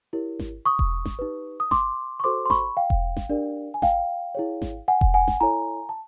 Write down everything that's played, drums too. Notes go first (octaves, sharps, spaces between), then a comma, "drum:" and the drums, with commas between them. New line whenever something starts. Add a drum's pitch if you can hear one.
E4 G4 A#4 C#5
drum: snare G#1
C#6 D#6
drum: kick E1
drum: snare G#1
D#4 G4 B4
D#6
C6 D6, drum: snare G#1
C#6
F#4 A4 C5 C6 D6
C6
B5 C#6, drum: snare G#1
F5 G5
drum: kick E1
drum: snare G#1
D4 G4 A#4 D5
G#5
F5 G5, drum: snare G#1
E4 G#4 C#5
drum: snare G#1
F#5 G#5
drum: kick E1
F#5 G#5
drum: snare G#1
E4 A4 C#5 G#5 A#5
A5